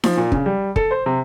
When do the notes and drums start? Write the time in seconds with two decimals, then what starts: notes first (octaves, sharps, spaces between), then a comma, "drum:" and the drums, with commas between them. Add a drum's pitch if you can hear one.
0.04 F3, drum: snare D#4
0.17 A#2
0.32 C#3, drum: kick
0.46 G3
0.76 A4, drum: kick
0.91 C5
1.06 C3